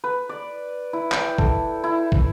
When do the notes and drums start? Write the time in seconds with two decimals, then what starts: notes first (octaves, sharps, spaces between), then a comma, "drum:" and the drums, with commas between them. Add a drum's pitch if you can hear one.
0.04 B4
0.29 D5
0.93 E4
1.12 G5, drum: clap
1.38 A4, drum: kick
1.84 E4
2.12 drum: kick